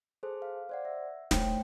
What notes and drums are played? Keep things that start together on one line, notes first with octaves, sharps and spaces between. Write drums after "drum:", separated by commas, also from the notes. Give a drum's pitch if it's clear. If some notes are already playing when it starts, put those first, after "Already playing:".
G#4 A4 C5
F5
C5 D5 F#5
E5
A3 C5 C#5 G5, drum: snare